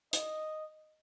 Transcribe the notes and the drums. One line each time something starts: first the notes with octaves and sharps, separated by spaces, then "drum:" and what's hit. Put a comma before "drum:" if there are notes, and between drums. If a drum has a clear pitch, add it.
D#5, drum: hi-hat